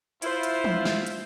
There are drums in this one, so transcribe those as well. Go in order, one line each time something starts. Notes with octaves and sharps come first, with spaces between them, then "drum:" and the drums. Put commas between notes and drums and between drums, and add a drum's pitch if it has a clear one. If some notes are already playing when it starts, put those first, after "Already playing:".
E4 F4 C5, drum: hi-hat
drum: hi-hat
drum: tom E3
drum: snare
drum: hi-hat